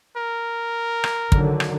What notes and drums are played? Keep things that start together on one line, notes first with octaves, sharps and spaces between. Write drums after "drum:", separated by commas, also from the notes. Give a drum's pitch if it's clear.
A#4
drum: rim click
D3 D#3 F#3, drum: kick
drum: rim click